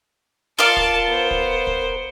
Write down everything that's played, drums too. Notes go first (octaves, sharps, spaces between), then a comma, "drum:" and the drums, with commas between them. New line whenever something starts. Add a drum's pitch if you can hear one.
F4 A#4 D5 F5 A5 C#7 D7 G7
drum: kick
B3 C5
drum: kick
drum: kick